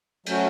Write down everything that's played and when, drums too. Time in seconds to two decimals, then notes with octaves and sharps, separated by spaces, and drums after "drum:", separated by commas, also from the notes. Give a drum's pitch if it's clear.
0.26 F#3 A3 C#4 F#4, drum: cymbal